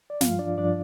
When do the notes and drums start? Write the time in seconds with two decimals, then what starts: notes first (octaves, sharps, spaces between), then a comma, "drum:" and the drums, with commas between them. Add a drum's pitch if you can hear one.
0.10 D5
0.21 G2 F3 F4 F5, drum: snare
0.39 D4 D5
0.58 G2 F3 D4 D5